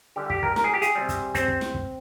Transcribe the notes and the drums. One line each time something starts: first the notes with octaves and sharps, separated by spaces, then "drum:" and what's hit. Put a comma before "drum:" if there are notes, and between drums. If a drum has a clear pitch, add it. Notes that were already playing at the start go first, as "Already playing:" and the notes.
D3 G3 G4
G4, drum: kick
A#4, drum: kick
A#4, drum: snare
G#4
G4
G#4, drum: hi-hat
C3 G3
drum: kick, hi-hat
C4, drum: kick, hi-hat
drum: kick
drum: snare
drum: kick